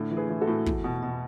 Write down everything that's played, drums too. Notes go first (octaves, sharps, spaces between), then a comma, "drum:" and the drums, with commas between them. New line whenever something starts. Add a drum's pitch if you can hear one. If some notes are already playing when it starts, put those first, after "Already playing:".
Already playing: A2 D3
E3
G#4 B4
E3
F#4 A4
A2
E2, drum: kick
B2
B2